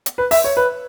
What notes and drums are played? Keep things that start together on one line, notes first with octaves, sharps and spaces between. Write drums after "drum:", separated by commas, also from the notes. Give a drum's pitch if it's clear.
drum: hi-hat
B4
E5, drum: open hi-hat
C#5
B4